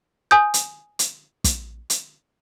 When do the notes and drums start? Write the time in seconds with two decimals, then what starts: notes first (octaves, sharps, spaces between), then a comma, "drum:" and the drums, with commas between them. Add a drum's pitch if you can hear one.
0.31 G#5 D#6 G6
0.54 drum: hi-hat
0.99 drum: hi-hat
1.44 drum: kick, hi-hat
1.90 drum: hi-hat